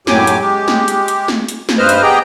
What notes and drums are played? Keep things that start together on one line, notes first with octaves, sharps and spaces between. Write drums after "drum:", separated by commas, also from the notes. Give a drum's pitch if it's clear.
F#2 A2 F#3 G4 G#5 D6, drum: snare
drum: hi-hat
G#3 G4
drum: snare
drum: hi-hat
drum: hi-hat
drum: snare
drum: hi-hat
drum: snare
G2 B4 C5 D#5 F6
drum: hi-hat
B3 G4 G#4 D#5 G5 A#5